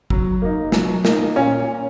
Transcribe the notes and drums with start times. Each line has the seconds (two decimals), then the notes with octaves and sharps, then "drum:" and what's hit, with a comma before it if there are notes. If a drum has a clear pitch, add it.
0.10 F#3, drum: kick
0.42 A#3 D#4
0.72 F#3, drum: snare
1.05 A#3 D#4, drum: snare
1.36 A#2 C#4